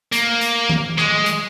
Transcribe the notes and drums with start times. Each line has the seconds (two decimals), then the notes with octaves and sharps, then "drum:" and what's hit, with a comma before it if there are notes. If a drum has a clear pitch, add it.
0.13 A#3, drum: hi-hat
0.41 drum: hi-hat
0.70 drum: tom D#3
0.98 G#3, drum: rim click
1.26 drum: hi-hat